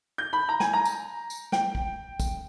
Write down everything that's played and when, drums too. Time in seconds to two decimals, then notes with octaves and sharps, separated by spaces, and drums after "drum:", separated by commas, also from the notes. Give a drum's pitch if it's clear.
0.18 G6
0.33 B5
0.49 A#5
0.60 G#5, drum: snare
0.73 A#5
0.85 drum: tambourine
1.30 drum: tambourine
1.52 G5, drum: snare
1.75 drum: kick
2.20 drum: kick, tambourine